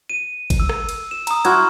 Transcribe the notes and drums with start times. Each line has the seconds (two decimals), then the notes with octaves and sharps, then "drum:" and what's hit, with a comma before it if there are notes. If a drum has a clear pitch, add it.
0.10 D#7
0.50 drum: kick G1, cymbal
0.60 E6
0.69 drum: rim click
0.89 drum: cymbal
1.11 E7
1.27 A#5 D#6, drum: cymbal
1.45 E4 F#4 C6 F6 G#6, drum: cymbal